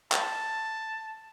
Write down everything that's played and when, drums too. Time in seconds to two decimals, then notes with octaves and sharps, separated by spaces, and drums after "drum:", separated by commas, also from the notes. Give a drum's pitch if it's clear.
0.12 A5, drum: clap